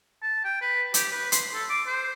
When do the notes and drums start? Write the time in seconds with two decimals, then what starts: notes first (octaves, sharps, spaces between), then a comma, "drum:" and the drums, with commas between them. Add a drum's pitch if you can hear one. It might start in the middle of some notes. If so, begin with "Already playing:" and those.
0.22 A5
0.45 G5
0.61 B4
0.94 G4, drum: hi-hat
1.11 B4
1.32 C6, drum: hi-hat
1.54 A4
1.70 D6
1.87 C5